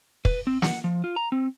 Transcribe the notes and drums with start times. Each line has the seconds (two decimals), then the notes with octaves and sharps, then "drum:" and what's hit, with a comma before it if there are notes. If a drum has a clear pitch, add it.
0.25 B4, drum: kick
0.47 C4
0.62 F#5, drum: snare
0.84 F3
1.04 F4
1.16 A#5
1.32 C4